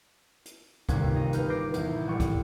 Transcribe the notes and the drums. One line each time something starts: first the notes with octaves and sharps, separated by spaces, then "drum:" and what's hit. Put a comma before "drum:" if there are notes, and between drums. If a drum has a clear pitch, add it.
drum: hi-hat
G1 D#2 C3 G#6, drum: kick C#2, hi-hat
D#4 D#5 A#6
B4 F6 G6, drum: hi-hat
D6 F6 G6 A#6 C7 D7
A1 E2 E5, drum: hi-hat
G#1 A2 G3 C#6
drum: kick C#2, hi-hat